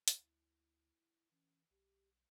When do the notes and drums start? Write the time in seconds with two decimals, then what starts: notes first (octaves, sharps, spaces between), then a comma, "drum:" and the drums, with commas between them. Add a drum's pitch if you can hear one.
0.08 drum: hi-hat
0.19 D2 E4
1.32 E3 C#4
1.70 B1 G4